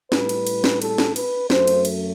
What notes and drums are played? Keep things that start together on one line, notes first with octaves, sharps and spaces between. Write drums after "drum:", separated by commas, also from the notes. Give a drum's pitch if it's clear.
A2 G3 B4, drum: snare
drum: cymbal
drum: cymbal
drum: snare
A4, drum: cymbal
drum: snare
B4, drum: cymbal
F#2 F#3 A3 C5, drum: snare
drum: cymbal
drum: cymbal